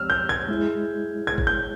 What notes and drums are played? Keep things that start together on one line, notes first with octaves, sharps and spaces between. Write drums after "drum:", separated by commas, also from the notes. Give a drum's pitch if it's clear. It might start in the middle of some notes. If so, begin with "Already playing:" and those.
Already playing: F3 G#3 C4 G4 E6 F6
G6
G#6
G#3 E4 G#4
G#6
drum: kick
G6